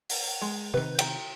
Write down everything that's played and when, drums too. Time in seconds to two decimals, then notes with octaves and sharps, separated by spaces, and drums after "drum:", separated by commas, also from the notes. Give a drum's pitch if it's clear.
0.10 drum: open hi-hat
0.41 G#3
0.74 C3 D#3 B4
0.99 G5 A#5, drum: cymbal